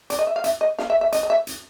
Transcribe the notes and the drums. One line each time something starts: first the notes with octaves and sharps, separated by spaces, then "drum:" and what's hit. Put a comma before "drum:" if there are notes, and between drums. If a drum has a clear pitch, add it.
D5, drum: hi-hat
D#5
E5
F5
E5, drum: hi-hat
D#5
F5, drum: snare
E5
E5
D#5, drum: hi-hat
D#5
E5
drum: hi-hat